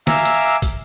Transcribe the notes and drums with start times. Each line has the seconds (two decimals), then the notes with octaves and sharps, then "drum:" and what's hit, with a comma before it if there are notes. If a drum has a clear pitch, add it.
0.07 E5 F5 G#5 A#5 D6 E6, drum: snare
0.25 drum: hi-hat
0.62 drum: kick, hi-hat